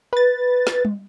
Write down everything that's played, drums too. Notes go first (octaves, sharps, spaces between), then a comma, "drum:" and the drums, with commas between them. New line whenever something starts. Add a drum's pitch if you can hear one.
B4 A6
drum: snare
drum: tom G3